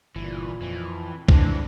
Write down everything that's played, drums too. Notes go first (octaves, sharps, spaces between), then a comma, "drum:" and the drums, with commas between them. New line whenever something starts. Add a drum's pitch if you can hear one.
G1 A#2 E3
F2 E3
E3 G#3 C4 D4, drum: kick C2